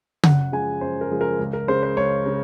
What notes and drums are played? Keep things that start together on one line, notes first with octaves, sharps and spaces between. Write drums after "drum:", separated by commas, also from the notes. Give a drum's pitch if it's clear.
F#2 F#5, drum: tom C#3
C#3 F3 G#3 G#5
F#2 C5
A#4
C#3 F3 G#3
A#4
C#2
A#4
C#3 G#3 C5
C5
C#2 C#5
C#3 G#3